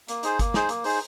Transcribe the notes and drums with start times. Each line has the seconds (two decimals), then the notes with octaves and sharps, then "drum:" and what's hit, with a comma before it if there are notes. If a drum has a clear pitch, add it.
0.08 A#3, drum: hi-hat
0.23 D#4 G#4 C5, drum: hi-hat
0.39 A#3, drum: kick G1, hi-hat
0.54 D#4 G#4 C5, drum: snare
0.69 A#3, drum: hi-hat
0.84 D#4 G#4 C5, drum: open hi-hat